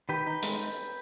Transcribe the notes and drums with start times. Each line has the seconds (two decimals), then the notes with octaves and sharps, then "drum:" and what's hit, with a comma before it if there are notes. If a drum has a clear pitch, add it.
0.09 D#3 G4 B4
0.27 D#4
0.43 G#3, drum: hi-hat